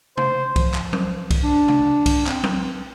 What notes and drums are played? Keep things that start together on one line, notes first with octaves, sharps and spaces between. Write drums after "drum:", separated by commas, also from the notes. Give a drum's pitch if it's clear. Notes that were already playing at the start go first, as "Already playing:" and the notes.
C5, drum: tom C3
F3, drum: kick C2, cymbal
drum: clap
drum: tom F#3
drum: kick C2, cymbal
D4
drum: tom C3
drum: kick C2, cymbal
C4, drum: clap
drum: tom F#3